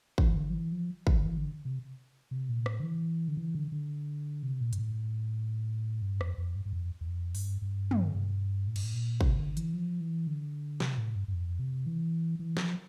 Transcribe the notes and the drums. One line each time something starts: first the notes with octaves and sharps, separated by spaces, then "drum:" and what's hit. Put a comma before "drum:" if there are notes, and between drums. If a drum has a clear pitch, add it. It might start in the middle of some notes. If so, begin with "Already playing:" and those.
E3, drum: kick
D3
F3
E3
F3
E3, drum: kick
D3
E3
D3
C3
C3
A#2
A2, drum: rim click
D3
E3
D3
E3
D3
D3
C3
A#2
G2, drum: hi-hat
A2
G2
F2, drum: rim click
F2
G2
G2
F2
E2
F2
G2, drum: open hi-hat
G2
drum: tom
G2
A2
G2, drum: cymbal
A2
A#2
C3, drum: kick
D3
E3, drum: hi-hat
F3
E3
D3
C3, drum: snare
A2
G2
G2
F2
C3
E3
E3
F3, drum: snare